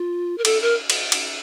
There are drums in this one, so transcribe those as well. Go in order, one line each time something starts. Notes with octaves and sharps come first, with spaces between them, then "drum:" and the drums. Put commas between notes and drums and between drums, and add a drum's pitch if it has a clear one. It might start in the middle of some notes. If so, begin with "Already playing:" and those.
Already playing: F4
A#4
A4, drum: cymbal
A#4
drum: cymbal
drum: cymbal